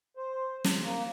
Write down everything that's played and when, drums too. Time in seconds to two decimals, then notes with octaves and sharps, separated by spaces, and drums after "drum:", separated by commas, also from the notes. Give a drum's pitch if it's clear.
0.17 C5
0.64 drum: snare
0.82 A#3